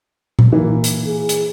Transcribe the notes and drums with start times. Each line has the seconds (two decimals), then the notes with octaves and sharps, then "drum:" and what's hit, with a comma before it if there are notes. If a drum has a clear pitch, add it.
0.39 drum: tom A#2
0.52 E3 A#3
0.84 drum: hi-hat
1.07 G#4
1.29 drum: hi-hat